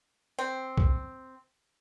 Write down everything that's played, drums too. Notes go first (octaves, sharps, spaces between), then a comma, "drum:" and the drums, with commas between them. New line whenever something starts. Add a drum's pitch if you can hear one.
C4
drum: kick